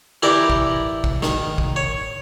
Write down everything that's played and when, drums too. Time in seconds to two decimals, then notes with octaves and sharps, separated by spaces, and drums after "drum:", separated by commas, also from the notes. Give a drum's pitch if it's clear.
0.23 E3 E4 G4 A#4 D5
0.50 drum: kick
1.04 drum: kick
1.22 D#3, drum: snare
1.58 drum: kick
1.76 C#5